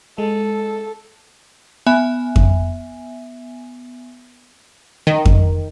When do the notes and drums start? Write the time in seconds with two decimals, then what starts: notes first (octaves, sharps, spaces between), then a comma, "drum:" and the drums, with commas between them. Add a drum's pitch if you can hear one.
0.18 G#3 A4
1.87 B3 E5 G#5
2.36 drum: kick F2
5.07 D#3
5.25 drum: kick F2